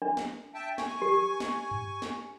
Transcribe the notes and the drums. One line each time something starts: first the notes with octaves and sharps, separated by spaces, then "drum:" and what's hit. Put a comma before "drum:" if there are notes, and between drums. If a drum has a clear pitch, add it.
D4
drum: snare
E5 G5 A5
G#5 C#6, drum: snare
G4
drum: snare
drum: tom G2
drum: snare